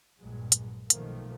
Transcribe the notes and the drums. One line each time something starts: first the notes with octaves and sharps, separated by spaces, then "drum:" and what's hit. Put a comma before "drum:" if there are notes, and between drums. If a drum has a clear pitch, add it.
A#1 G2 A#2 F#3 G#3
drum: hi-hat
B1 B2 D#3 F3 A3 A#3, drum: hi-hat